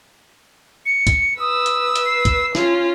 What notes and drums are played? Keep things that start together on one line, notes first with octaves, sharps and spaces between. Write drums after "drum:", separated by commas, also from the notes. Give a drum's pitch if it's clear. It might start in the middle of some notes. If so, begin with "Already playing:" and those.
C#7
drum: kick, hi-hat
B4 D#6 E6
drum: hi-hat
drum: hi-hat
C7
drum: kick, hi-hat
C#4 F4, drum: snare